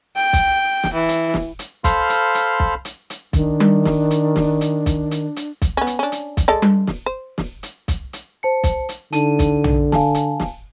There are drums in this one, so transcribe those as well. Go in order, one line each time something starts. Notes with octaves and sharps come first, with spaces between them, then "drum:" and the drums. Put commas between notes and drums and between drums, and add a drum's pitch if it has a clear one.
G5
drum: kick, hi-hat
drum: snare
E3
drum: hi-hat
drum: snare
drum: hi-hat
A4 C5 F5 B5 C6 F6, drum: kick, hi-hat
drum: hi-hat
drum: hi-hat
drum: kick
drum: hi-hat
drum: hi-hat
D#3 D4, drum: kick, hi-hat
drum: tom G3
drum: snare
drum: hi-hat
drum: snare
drum: hi-hat
drum: kick, hi-hat
drum: hi-hat
drum: hi-hat
drum: kick, hi-hat
B3 C#4
drum: hi-hat
C#4 D4
drum: hi-hat
drum: kick, hi-hat
G#3 A4 D5
drum: tom G3
drum: snare
C5
drum: snare
drum: hi-hat
drum: kick, hi-hat
drum: hi-hat
C5 A5 C#7
drum: kick, hi-hat
drum: hi-hat
D3 D#4 A5 D#7, drum: hi-hat
drum: kick, hi-hat
drum: tom
F5 G#5 A5, drum: snare
drum: hi-hat
drum: snare